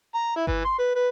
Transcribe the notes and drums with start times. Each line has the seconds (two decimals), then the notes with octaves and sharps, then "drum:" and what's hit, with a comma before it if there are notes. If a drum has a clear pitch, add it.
0.14 A#5
0.36 E4
0.47 E3, drum: kick G1
0.65 C6
0.78 B4
0.95 B4